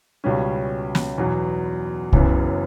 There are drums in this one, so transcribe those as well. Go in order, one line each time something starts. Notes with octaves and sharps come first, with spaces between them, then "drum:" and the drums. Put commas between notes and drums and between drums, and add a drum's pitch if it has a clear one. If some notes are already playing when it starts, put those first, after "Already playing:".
C#2 B2 G3 C#4
drum: snare
E2 B2 F#3
F#1 F#2 C#3 E3 B3, drum: kick C2